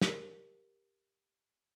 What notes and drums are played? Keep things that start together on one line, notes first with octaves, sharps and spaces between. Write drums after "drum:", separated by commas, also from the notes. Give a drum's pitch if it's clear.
G4 A#4, drum: snare